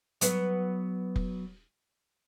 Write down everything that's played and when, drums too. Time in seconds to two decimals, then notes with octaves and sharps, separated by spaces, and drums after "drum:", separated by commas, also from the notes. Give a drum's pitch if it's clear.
0.21 F#3 B3 B4, drum: hi-hat
1.16 drum: kick F1